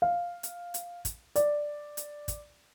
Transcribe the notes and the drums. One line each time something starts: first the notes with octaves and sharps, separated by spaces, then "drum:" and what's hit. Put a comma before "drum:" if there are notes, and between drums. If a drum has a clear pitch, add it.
F5
drum: hi-hat
drum: hi-hat
drum: kick, hi-hat
D5, drum: hi-hat
drum: hi-hat
drum: kick, hi-hat